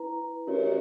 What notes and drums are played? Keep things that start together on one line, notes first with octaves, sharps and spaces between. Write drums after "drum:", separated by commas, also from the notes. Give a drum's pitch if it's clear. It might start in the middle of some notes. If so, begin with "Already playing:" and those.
Already playing: E4 B4 A#5
F#4 A#4 C#5, drum: cymbal